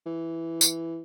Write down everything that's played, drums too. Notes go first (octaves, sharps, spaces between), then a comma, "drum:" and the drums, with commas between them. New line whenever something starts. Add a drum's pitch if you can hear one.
E3
drum: tambourine